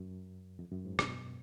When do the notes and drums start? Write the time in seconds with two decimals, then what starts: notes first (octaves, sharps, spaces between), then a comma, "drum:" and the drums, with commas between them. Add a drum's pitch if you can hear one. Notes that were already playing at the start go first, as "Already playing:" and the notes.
Already playing: F#2
0.59 F2
0.72 F#2
0.85 G#2
0.99 B2, drum: rim click